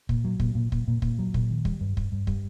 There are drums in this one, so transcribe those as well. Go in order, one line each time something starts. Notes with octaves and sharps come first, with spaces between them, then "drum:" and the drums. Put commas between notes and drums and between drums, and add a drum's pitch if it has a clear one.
A#2, drum: kick
F#3
A#2, drum: kick
A#2
A#2, drum: kick
A#2
A#2, drum: kick
F#3
A#2, drum: kick
D#3
G3, drum: kick
G2
G2, drum: kick
G2
G3, drum: kick